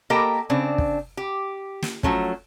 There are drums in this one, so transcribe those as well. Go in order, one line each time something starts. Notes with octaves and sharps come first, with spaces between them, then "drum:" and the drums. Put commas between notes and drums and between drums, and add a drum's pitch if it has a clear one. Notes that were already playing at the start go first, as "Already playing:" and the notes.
A#3 G4 A4 A#4 D#5 G5
C#3 C4 D4
drum: kick
G4
drum: snare
F3 F#3 A3 C#4, drum: kick